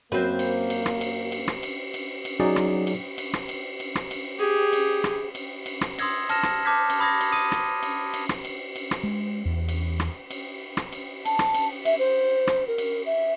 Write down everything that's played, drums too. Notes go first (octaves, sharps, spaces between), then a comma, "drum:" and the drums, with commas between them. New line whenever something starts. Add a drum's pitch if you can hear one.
F#2 A#3 C4 B4
drum: cymbal
drum: cymbal
drum: rim click
drum: cymbal
drum: cymbal
drum: rim click
drum: cymbal
drum: cymbal
drum: cymbal
F#3 C#4 D#4 F#4 G#4 D5
drum: rim click
drum: cymbal
drum: cymbal
drum: rim click
drum: cymbal
drum: cymbal
drum: rim click
drum: cymbal
G4 G#4
drum: cymbal
drum: rim click
drum: cymbal
drum: cymbal
drum: rim click
C6 D#6 E6 G#6 A#6, drum: cymbal
A5 F6 A#6 E7, drum: cymbal
drum: rim click
A5 D6 F6 G6 G#6 B6
drum: cymbal
B5 D#6 G#6 A#6
drum: cymbal
D#6 D#7
drum: rim click
drum: cymbal
drum: cymbal
drum: rim click
drum: cymbal
drum: cymbal
drum: rim click
G#3
E2
drum: cymbal
drum: rim click
drum: cymbal
drum: rim click
drum: cymbal
A5, drum: cymbal
drum: rim click
drum: cymbal
E5, drum: cymbal
C5
drum: rim click
A#4
drum: cymbal
E5